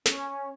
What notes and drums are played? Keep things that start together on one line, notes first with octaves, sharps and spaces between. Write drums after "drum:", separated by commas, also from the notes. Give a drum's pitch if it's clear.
C#4, drum: snare